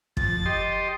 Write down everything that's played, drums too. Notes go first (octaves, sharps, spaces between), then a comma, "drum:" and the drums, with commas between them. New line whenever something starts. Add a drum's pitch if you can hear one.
F2 A6, drum: kick
G4 D#5 C6